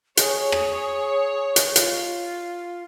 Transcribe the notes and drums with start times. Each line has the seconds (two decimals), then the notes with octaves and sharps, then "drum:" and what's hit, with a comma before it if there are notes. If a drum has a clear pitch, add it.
0.17 G#4 C#5, drum: hi-hat
0.52 drum: rim click
1.56 drum: hi-hat
1.76 F4, drum: hi-hat